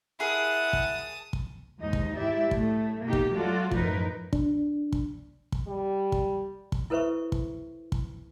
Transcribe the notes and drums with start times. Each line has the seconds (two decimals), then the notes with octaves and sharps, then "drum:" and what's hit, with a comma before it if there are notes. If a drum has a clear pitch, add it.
0.20 E4 G#4 A#4 F#5 A5 D#6
0.73 drum: kick
1.33 drum: kick
1.79 D#2 G#2 D#4 D#5
1.93 drum: kick
2.16 G#2 E4 G4 D5 E5
2.51 A2 A3, drum: kick
3.03 B2 A#3 D#4 G4
3.13 drum: kick
3.33 F#3 A3 F4 F#4 A4 D5
3.71 F#2 A2 F3 D#4 A#4 B4, drum: kick
4.33 D4, drum: kick
4.92 drum: kick
5.52 drum: kick
5.67 G3
6.12 drum: kick
6.72 drum: kick
6.90 E4 A4 B4 C5 E5 C#6
7.32 drum: kick
7.92 drum: kick